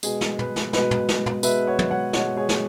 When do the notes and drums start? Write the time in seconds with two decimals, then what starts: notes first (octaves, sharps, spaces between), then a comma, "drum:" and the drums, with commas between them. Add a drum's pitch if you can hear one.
0.03 B2 G#3 G#4, drum: tambourine
0.21 drum: snare
0.39 B4, drum: tom
0.56 drum: snare
0.73 B2 G#3 B4, drum: snare
0.91 drum: tom
1.09 drum: snare
1.26 drum: tom
1.43 B2 G#3 B4 E5, drum: tambourine
1.67 C#5 F#5
1.79 drum: tom
1.90 C#5 F#5
2.13 B2 G#3 C#5 F#5, drum: snare
2.37 G#4 C#5
2.49 drum: snare